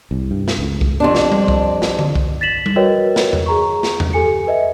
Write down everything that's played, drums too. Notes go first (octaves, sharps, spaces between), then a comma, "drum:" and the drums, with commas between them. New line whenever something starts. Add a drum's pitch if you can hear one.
C2
G2
drum: snare
C#2
drum: kick
F2 C3 D4
drum: snare
drum: tom G3
drum: kick
drum: snare
drum: tom D3
drum: kick
A6 B6 E7 F#7
drum: tom G3
F#4 A#4 B4 C#5 D#5 G5
drum: snare
drum: tom E2
G#4 A#5 C#6
drum: snare
drum: tom E2
G4 A4 G#5 C#7
B4 D#5 E5